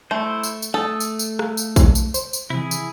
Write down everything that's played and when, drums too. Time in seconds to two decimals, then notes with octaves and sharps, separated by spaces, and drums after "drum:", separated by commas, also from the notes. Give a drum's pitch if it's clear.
0.11 A3 E4 C5
0.43 drum: tambourine
0.62 drum: tambourine
0.74 A3 A4 D#6
1.00 drum: tambourine
1.19 drum: tambourine
1.39 F5, drum: rim click
1.57 drum: tambourine
1.76 drum: kick A#1, tambourine
1.95 drum: tambourine
2.14 C5, drum: tambourine
2.33 drum: tambourine
2.50 C3 E3 E4 G#4
2.71 drum: tambourine